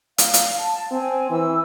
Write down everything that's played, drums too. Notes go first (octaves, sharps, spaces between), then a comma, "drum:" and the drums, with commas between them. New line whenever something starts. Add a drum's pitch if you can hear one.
F5, drum: hi-hat
drum: hi-hat
A5
C4 G#5
E3 E6